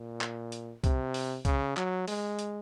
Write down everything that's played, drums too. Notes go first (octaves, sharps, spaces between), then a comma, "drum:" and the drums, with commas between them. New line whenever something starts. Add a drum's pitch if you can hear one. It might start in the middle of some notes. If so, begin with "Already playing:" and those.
Already playing: A#2
drum: clap
drum: hi-hat
C3, drum: kick C2, hi-hat
drum: open hi-hat
C#3, drum: kick C2, hi-hat
F#3, drum: clap
G#3, drum: open hi-hat
drum: hi-hat